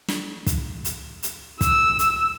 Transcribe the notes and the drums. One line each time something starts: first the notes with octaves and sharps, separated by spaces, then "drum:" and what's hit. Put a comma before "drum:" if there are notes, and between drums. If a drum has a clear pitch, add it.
drum: snare
drum: kick, hi-hat
drum: hi-hat
drum: hi-hat
E6, drum: kick, hi-hat
drum: hi-hat